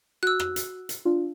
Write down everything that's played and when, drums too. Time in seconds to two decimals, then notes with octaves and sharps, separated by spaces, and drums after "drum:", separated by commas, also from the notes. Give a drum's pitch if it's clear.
0.23 F#4 E6 F#6
0.40 drum: rim click
0.56 drum: hi-hat
0.89 drum: hi-hat
1.05 D4 F4